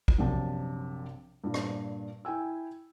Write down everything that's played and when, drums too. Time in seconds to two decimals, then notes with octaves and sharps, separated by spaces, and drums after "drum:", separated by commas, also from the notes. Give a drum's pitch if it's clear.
0.08 drum: kick
0.18 A#1 F#2 C3 A5
1.44 G2 A#2
1.54 drum: rim click
2.25 E4 G5 G#5 E6